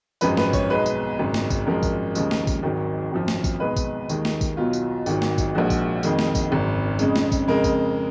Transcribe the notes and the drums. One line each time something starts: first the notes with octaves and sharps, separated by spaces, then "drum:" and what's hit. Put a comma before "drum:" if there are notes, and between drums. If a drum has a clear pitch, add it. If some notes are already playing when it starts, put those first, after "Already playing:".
G#1 F#2 F3 G#3 B4, drum: tambourine
B4, drum: snare
C#5, drum: kick A1, tambourine
B1 B2 G#3 B4
drum: tambourine
G#1 F#2 C#3 G#3
drum: snare
drum: kick A1, tambourine
G#1 F#2 F3 G#3 A#4
drum: kick A1, tambourine
D#2 C#3 F3 G#3, drum: tambourine
drum: snare
drum: kick A1, tambourine
G#1 G#2 D#3 F#3
G#1 F#2 F3
drum: snare
drum: kick A1, tambourine
B1 B2 G#3 B4
drum: kick A1, tambourine
D#2 D#3 G#3, drum: tambourine
drum: snare
drum: kick A1, tambourine
B1 B2 F#3 F4
drum: tambourine
G#1 G#2 D#3 F#3, drum: tambourine
drum: snare
drum: kick A1, tambourine
A#1 A#2 F3 G#3 F#4
drum: kick A1, tambourine
F2 D#3 G#3, drum: tambourine
drum: snare
drum: kick A1, tambourine
G#1 F#2 C#3
F2 C#3 G#3, drum: tambourine
drum: snare
drum: kick A1, tambourine
F2 C#3 G#3 A#4
drum: kick A1, tambourine